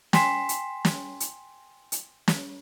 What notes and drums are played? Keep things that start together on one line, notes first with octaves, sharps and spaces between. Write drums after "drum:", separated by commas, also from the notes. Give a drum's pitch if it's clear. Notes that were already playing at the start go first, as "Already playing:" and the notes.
G5 G#5 C6 B6 C7 E7, drum: snare
drum: hi-hat
drum: snare
drum: hi-hat
drum: hi-hat
drum: snare